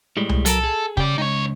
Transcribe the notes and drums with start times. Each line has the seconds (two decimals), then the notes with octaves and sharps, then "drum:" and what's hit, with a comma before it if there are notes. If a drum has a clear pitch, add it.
0.17 A2 G3 G#3
0.29 drum: tom C2
0.46 F#3 A4 A#4 A5, drum: hi-hat
0.64 G#4
0.97 C#3 G4 D5, drum: kick
1.18 C#2 D#4 C#5